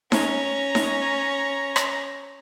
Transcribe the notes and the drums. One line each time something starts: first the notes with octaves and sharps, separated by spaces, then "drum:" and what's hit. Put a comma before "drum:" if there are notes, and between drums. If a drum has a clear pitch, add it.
C#4 A#5, drum: snare D#4
drum: snare D#4
drum: rim click